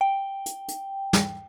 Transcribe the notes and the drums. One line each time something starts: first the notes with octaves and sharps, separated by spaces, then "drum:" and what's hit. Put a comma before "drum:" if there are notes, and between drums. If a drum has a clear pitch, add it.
G5
drum: hi-hat
drum: hi-hat
drum: snare